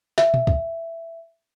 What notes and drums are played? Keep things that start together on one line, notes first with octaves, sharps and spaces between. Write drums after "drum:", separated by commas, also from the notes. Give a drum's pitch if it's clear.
E5, drum: snare
drum: tom A#2
drum: kick